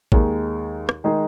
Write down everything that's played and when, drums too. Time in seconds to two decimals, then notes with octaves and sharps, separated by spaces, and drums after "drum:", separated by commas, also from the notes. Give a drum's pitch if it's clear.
0.12 D#2 D#3 G#3 D#4 G#4, drum: kick A1
0.89 drum: rim click
1.04 D#3 G#3 D#4 G#4